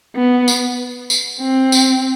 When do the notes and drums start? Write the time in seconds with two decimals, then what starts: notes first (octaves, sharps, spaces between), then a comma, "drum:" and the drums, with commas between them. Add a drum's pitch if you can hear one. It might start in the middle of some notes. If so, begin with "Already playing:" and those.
0.16 B3
0.48 drum: tambourine
1.10 drum: tambourine
1.41 C4
1.72 drum: tambourine